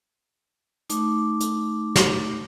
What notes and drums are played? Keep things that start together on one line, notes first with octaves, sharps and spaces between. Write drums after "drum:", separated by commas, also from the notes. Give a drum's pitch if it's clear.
A3 D#4 D6, drum: hi-hat
drum: hi-hat
drum: snare